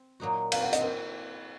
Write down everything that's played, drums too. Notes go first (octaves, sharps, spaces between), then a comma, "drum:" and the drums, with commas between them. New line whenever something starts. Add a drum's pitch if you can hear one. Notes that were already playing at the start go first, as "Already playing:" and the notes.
Already playing: C4
A#2 F#3 A#3 D#4 F#4
F5, drum: cymbal
F#5
D#5, drum: hi-hat
C4 A#4